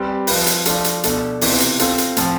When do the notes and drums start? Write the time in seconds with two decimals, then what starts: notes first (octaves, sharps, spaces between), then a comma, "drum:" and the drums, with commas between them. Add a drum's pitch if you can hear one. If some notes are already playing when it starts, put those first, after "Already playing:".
Already playing: G3 C4 G4 B4
0.27 F3 C4 F4 B4, drum: open hi-hat
0.47 drum: hi-hat
0.66 F3 A3 D4 F4, drum: hi-hat
0.84 drum: hi-hat
1.04 B2 A3 D4 A4, drum: hi-hat
1.41 C3 E3 B3 F4, drum: open hi-hat
1.60 drum: hi-hat
1.79 A3 C4 F4 A4, drum: hi-hat
1.98 drum: hi-hat
2.17 A2 F3 C4, drum: hi-hat